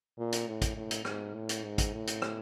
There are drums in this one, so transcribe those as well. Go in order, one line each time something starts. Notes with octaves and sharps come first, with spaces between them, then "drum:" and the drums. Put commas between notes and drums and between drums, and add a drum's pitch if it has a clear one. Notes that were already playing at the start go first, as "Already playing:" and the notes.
A#2
drum: hi-hat
A2
drum: kick, hi-hat
A2
drum: hi-hat
G#2, drum: rim click
A2
drum: hi-hat
G#2
drum: kick, hi-hat
A2
drum: hi-hat
drum: rim click